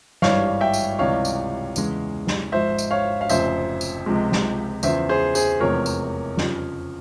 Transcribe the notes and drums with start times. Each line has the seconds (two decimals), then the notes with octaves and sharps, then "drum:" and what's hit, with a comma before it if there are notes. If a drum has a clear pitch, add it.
0.22 G#1 G2 E3 G3 C#5 F5, drum: snare
0.61 E5 G5
0.74 drum: tambourine
0.99 C#2 C3 E3 G3 C#5 F5
1.25 drum: tambourine
1.76 E2 C#3 E3 G#3, drum: tambourine
2.27 drum: snare
2.52 G#1 G#2 F3 C5 E5
2.78 drum: tambourine
2.91 C#5 F5
3.21 F5
3.29 F1 F2 C#3 F3 C5 E5, drum: tambourine
3.81 drum: tambourine
4.06 C#2 C3 F3 G#3
4.32 drum: snare
4.83 E2 C#3 F3 C5 E5, drum: tambourine
5.09 G#4 C5
5.35 G#4 C5, drum: tambourine
5.60 F1 E2 C3 F3 G#3 A#4 C#5
5.86 drum: tambourine
6.37 F2 C#3 F3, drum: snare